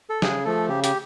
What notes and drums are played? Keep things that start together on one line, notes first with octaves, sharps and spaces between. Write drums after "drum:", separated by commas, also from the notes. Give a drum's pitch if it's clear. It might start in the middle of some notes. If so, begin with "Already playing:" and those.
A4
C#3 G#4, drum: snare
F3 A3 A4
C#3 G4
G4, drum: hi-hat